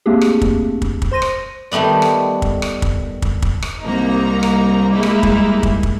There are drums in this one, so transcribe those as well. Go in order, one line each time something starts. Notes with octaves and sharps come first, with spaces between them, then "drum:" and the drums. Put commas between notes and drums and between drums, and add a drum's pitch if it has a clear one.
A3 A#3 C4 D4 G4 G#4
drum: rim click
drum: kick
drum: kick
drum: kick
C5 C6 A#6 D#7
drum: rim click
D#3 G3 A3 B3 D5
drum: rim click
drum: kick
drum: rim click
drum: kick
drum: kick
drum: kick
drum: rim click
C2 A#3 D#4 A#5
drum: rim click
G3 G#3 A#3 D#4 E4
drum: rim click
drum: kick
drum: kick
drum: kick